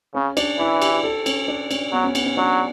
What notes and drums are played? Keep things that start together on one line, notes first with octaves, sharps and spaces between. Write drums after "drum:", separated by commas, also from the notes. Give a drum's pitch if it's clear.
C#3 C#4
D4, drum: cymbal
E3 E4
G4, drum: cymbal
A4
C#4, drum: cymbal
D4
C#4, drum: cymbal
F#3 B3
C#4
B3, drum: cymbal
C#4
F#3 D4